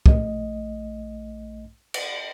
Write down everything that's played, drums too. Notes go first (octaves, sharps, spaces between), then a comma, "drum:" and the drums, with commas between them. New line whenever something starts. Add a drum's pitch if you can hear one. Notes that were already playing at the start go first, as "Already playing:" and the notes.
A#1 A3 D#5, drum: kick
drum: cymbal